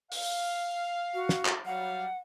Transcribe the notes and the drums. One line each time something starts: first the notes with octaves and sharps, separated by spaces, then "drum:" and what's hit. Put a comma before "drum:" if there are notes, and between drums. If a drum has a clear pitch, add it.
F5, drum: open hi-hat
F#4
drum: snare
drum: clap
F#3 G3 F5 F#5